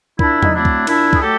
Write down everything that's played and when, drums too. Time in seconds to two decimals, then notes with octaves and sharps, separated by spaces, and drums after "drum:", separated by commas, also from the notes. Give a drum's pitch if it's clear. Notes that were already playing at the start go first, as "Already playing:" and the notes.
0.19 A#2 D4 E4, drum: kick
0.43 D#4, drum: tom E2
0.53 F#3 A3 C4 D4 E4
0.65 drum: kick
0.87 A#2 D4 E4, drum: cymbal
1.13 G#4, drum: kick
1.21 F#3 A3 G4 A4